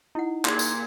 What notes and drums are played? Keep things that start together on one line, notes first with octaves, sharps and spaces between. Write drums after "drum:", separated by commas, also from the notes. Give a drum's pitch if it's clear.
D#4 E4 F#5
A#2 G4 G#4 C6 G#6, drum: clap
drum: tambourine